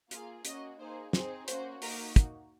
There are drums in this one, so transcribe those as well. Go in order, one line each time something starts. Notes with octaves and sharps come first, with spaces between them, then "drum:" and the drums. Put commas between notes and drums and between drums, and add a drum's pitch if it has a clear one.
A#3 F4 G#4 F5, drum: hi-hat
A#3 C#4 F#4 D#5, drum: hi-hat
A#3 D#4 G#4 C5
C4 D#4 G#4 C5, drum: snare
A#3 C#4 F#4 C5, drum: hi-hat
A#3 D#4 F#4 A#4, drum: open hi-hat
drum: kick, hi-hat